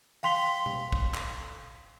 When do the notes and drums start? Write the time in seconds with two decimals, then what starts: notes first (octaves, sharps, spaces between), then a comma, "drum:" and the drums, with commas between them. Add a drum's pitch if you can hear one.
0.23 F5 G5 C6 B6 G7, drum: open hi-hat
0.66 drum: tom B2
0.92 drum: kick
1.14 drum: clap